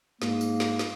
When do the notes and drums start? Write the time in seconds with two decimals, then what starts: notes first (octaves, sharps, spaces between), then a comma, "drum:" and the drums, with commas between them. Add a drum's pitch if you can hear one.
0.22 G#2 A#3, drum: snare
0.41 drum: tambourine
0.60 drum: snare
0.79 drum: snare